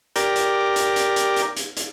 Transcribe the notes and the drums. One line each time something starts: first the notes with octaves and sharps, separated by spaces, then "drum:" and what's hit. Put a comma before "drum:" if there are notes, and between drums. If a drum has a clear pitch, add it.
G4 A#4 D5, drum: hi-hat
drum: hi-hat
drum: hi-hat
drum: hi-hat
drum: hi-hat
drum: hi-hat
drum: hi-hat
drum: hi-hat